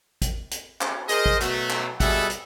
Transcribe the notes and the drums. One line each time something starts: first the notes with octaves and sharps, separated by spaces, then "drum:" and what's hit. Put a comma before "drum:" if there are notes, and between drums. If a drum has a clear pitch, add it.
drum: kick, hi-hat
drum: hi-hat
drum: clap
G#4 A#4 C5 D#5, drum: hi-hat
drum: kick
B2 F#3 A3, drum: hi-hat
drum: clap
B2 G3 G#4 A4 E5 F#5, drum: kick, hi-hat
drum: hi-hat